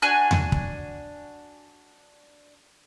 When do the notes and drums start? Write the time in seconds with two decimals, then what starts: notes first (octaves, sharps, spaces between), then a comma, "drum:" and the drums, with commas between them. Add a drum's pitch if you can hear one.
0.02 D4 F#4 G#5 F#6
0.31 drum: tom E2
0.52 drum: kick